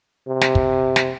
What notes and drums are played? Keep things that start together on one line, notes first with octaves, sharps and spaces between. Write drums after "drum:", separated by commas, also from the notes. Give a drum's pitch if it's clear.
C3
drum: snare
drum: kick
drum: snare